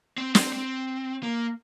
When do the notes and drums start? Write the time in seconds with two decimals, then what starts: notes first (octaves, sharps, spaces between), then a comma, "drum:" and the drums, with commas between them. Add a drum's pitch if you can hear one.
0.18 C4
0.35 C4, drum: snare
0.53 C4
1.23 A#3